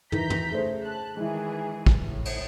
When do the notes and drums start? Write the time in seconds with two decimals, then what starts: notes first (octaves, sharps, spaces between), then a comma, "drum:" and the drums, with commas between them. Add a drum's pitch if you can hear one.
0.12 D#3 E3 A#5 G6 B6, drum: tom
0.30 drum: tom
0.52 C#3 A3 C5
0.83 A5 F#6
1.17 D#3 E3 G#3 E4 G#4
1.86 drum: kick
1.99 A2
2.25 drum: cymbal